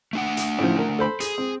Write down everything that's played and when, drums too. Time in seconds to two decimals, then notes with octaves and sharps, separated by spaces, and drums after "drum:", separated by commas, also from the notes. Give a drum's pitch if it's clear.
0.13 A3 D4 F#5
0.37 drum: hi-hat
0.58 A2 C#3 F3
0.78 A#4
0.99 A4 C5 B5
1.20 G#4, drum: hi-hat
1.38 C4